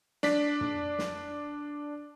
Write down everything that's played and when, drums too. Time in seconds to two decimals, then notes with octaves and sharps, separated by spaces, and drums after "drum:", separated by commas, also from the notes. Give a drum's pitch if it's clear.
0.23 D4 D5 B6, drum: snare
0.61 drum: tom
0.99 drum: snare